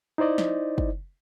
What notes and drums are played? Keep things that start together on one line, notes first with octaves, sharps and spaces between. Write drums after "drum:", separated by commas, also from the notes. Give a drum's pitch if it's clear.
D#4 E4 C5 D5 D#5
drum: snare
drum: kick